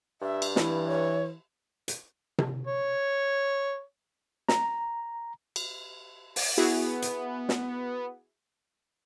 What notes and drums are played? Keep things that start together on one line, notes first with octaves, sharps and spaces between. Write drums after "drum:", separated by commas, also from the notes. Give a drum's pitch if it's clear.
G2 E5
drum: cymbal
E3 E4, drum: snare
C#5
drum: hi-hat
drum: tom C3
C#5
A#5, drum: snare
drum: cymbal
drum: open hi-hat
B3 E4 F#4 G#4
drum: hi-hat
drum: snare